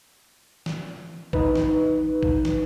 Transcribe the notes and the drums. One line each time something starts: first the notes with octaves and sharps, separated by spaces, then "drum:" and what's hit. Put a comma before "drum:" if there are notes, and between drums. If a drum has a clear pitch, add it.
drum: snare
D#4 B4, drum: kick A1
drum: snare
drum: kick A1
drum: snare